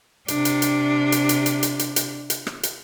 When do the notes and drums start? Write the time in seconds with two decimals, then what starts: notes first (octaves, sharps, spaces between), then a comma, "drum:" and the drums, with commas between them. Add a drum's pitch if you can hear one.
0.28 C3 D4, drum: hi-hat
0.45 drum: hi-hat
0.62 drum: hi-hat
1.12 drum: hi-hat
1.29 drum: hi-hat
1.46 drum: hi-hat
1.63 drum: hi-hat
1.79 drum: hi-hat
1.96 drum: hi-hat
2.30 drum: hi-hat
2.47 drum: rim click
2.63 drum: hi-hat